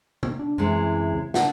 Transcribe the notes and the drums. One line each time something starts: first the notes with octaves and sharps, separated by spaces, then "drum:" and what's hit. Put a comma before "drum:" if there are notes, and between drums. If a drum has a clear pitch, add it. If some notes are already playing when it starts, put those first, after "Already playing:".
drum: tom C3
D4
F#2 C3 E3 G#3
C#3
D4 F#5, drum: snare